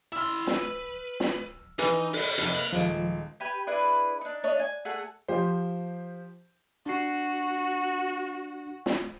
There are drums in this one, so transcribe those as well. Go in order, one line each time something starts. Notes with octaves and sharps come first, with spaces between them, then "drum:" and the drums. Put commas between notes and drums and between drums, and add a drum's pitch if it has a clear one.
E4 C6 E6 F6
B4, drum: snare
drum: snare
E3 D#4, drum: hi-hat
drum: open hi-hat
F1 F2, drum: hi-hat
A#3 F6 F#6
D#1 F3 G#3 D7
G4 B4 G#5
D4 E4 G#4 B4
D4 D#4
A3 D4 C#5 D#5
G#5
A3 G#4 A4 F#5
F3 G4 C5
D4 F#4 C7
drum: snare